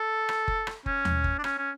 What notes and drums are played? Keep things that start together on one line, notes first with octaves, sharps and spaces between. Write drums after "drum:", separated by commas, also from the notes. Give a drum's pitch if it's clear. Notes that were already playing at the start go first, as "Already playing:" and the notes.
Already playing: A4
drum: rim click
drum: kick F#1
drum: rim click
C#4, drum: kick F#1
drum: tom D#2
drum: kick F#1
D4
C#4, drum: rim click
C#4